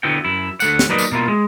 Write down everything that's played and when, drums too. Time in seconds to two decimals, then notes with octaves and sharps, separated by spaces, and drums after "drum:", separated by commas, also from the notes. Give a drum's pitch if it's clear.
0.03 D3 B3 E4 F#4 G5
0.24 F#2 E4
0.60 D2 A3 F#5, drum: tambourine
0.79 drum: snare
0.89 F#3 A#3 D#4 B4 D5 D#5
0.98 drum: tambourine
1.11 B2 A#3 E4 F4
1.28 G#3